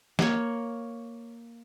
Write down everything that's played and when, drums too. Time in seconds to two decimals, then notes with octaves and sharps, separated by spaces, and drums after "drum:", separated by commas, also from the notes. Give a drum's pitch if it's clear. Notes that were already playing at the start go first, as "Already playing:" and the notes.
0.19 A#3 C#5, drum: snare